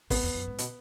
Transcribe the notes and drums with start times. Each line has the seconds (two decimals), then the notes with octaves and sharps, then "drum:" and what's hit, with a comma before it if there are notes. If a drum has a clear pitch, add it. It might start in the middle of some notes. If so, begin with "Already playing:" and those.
0.10 G#2 B3, drum: kick, open hi-hat
0.23 E2
0.35 F#2
0.47 G#2
0.58 B2, drum: hi-hat